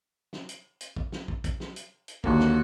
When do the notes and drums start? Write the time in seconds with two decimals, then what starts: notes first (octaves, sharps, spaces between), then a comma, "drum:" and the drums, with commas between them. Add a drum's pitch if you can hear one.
0.33 drum: snare
0.49 drum: hi-hat
0.81 drum: hi-hat
0.96 drum: kick
1.12 drum: snare
1.28 drum: kick
1.44 drum: kick, hi-hat
1.60 drum: snare
1.76 drum: hi-hat
2.08 drum: hi-hat
2.24 D#2 D3 A#3 F#4, drum: kick
2.40 drum: snare